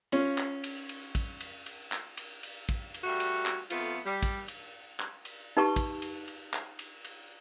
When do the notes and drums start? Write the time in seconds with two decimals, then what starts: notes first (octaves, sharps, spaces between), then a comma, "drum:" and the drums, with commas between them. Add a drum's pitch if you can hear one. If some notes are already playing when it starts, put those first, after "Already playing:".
0.12 C#4 F4, drum: cymbal
0.38 drum: clap
0.64 drum: cymbal
0.89 drum: cymbal
1.15 drum: kick, cymbal
1.41 drum: cymbal
1.66 drum: cymbal
1.92 drum: clap
2.17 drum: cymbal
2.43 drum: cymbal
2.69 drum: kick, cymbal
2.94 drum: cymbal
3.03 G3 A3 F#4
3.20 drum: cymbal
3.46 drum: clap
3.70 F2 A3 B3 F4, drum: cymbal
4.05 G3
4.23 drum: kick, cymbal
4.48 drum: cymbal
4.99 drum: clap
5.25 drum: cymbal
5.57 D#4 G4 B4 A5 C#6
5.76 drum: kick, cymbal
6.02 drum: cymbal
6.28 drum: cymbal
6.53 drum: clap
6.79 drum: cymbal
7.05 drum: cymbal